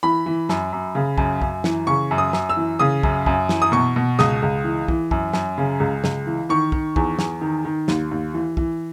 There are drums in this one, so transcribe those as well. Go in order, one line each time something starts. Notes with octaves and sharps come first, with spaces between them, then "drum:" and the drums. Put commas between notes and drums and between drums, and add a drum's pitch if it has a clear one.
E3 B5
E3
F#2, drum: snare
F#2
C#3
F#2, drum: kick
F#2, drum: kick
E3, drum: snare
C#3 C#6
F#2
D#6
F#2, drum: snare
E6
E3
C#3 D#6
F#2, drum: kick
F#2, drum: kick
E3, drum: snare
D#6
B2 C#6
B2
C#2 D#6, drum: snare
C#2
E3
E3, drum: kick
F#2, drum: kick
F#2, drum: snare
C#3
C#2
C#2, drum: snare
E3
D#3 C#6
D#3, drum: kick
E2, drum: kick
E2, drum: snare
D#3
D#3
D#2, drum: snare
D#2
E3
E3, drum: kick